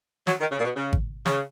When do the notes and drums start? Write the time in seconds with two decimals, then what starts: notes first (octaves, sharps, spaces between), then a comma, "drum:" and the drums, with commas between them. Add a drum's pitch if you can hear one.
0.27 F#3, drum: snare
0.40 D#3
0.51 C#3
0.59 A#2
0.64 B2
0.76 C#3
0.93 drum: kick G#1
1.26 C#3, drum: snare